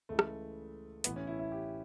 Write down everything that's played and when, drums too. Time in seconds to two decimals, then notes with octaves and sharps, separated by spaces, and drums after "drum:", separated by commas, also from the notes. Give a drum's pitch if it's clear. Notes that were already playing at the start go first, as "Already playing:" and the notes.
0.09 C#2 C#3 E3 A3
0.19 drum: rim click
1.04 A1 A2 E3 B3, drum: hi-hat
1.16 C#4
1.27 E4
1.39 E4
1.52 G4